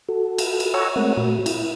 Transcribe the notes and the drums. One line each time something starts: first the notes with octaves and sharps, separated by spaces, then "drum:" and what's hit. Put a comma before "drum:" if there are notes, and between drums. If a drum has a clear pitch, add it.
F#4 A4
drum: cymbal
drum: cymbal
C#5 F#5 G#5 A#5 C#6 E6
G#3 A3 C4 A#4 C#5 F#5
A#2 A3 F#4
E4, drum: cymbal